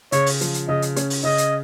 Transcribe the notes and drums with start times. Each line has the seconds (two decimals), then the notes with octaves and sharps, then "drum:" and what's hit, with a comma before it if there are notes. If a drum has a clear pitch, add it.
0.12 C#3 C#5, drum: hi-hat
0.26 drum: open hi-hat
0.41 F3, drum: hi-hat
0.54 drum: hi-hat
0.68 C#3 D#5
0.82 drum: hi-hat
0.96 C#4, drum: hi-hat
1.10 drum: open hi-hat
1.24 C#3 D#5
1.38 drum: hi-hat